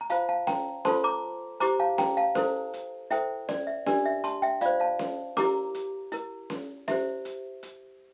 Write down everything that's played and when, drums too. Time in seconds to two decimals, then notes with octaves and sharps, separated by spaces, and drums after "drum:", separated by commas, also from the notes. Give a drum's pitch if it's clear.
0.01 A#5
0.10 F4 C5 F5 A5, drum: hi-hat
0.29 F5 A5
0.47 G5 A#5, drum: snare C#4
0.85 F4 A4 C5 A5 C6, drum: snare C#4
1.04 A#5 D6
1.60 E4 G4 C5 A#5 D6, drum: hi-hat
1.80 F5 A5
1.98 G5 A#5, drum: snare C#4
2.17 F5 A5
2.35 E4 A4 C5, drum: snare C#4
2.73 drum: hi-hat
3.11 E4 A4 C5 E5 G5, drum: hi-hat
3.49 D5, drum: snare C#4
3.67 E5
3.86 D4 G4 A#4 D5, drum: snare C#4
4.05 E5
4.24 A5 C6, drum: hi-hat
4.42 E5 G5
4.61 F4 C5 D5 F5, drum: hi-hat
4.80 F5 A5
4.99 drum: snare C#4
5.37 E4 G4 A#4 A#5 D6, drum: snare C#4
5.75 drum: hi-hat
6.12 E4 A#4, drum: hi-hat
6.50 drum: snare C#4
6.88 E4 G4 C5 E5, drum: snare C#4
7.25 drum: hi-hat
7.63 drum: hi-hat